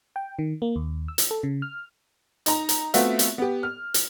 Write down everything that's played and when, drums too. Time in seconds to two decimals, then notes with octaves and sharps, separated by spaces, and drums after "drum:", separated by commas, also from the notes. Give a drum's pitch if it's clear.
0.16 G5
0.39 D#3
0.62 A#3
0.76 D#2
1.08 E6
1.18 drum: hi-hat
1.31 A4
1.43 C#3
1.62 F6
2.46 D#4 A#5, drum: hi-hat
2.69 drum: hi-hat
2.94 A3 B3 C4 F4 F#4 E5, drum: hi-hat
3.19 drum: hi-hat
3.38 B3 G4
3.63 F6
3.94 drum: hi-hat